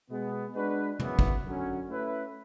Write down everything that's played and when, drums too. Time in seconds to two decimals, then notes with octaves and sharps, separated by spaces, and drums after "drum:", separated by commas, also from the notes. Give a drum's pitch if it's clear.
0.10 B2 G#3 B3
0.55 G#3 D4 F#4 B4
1.00 F#2 C#3 E3 B3, drum: tom
1.19 drum: kick
1.44 F#2 D3 F#3 C#4 F#4
1.89 A3 C#4 E4 B4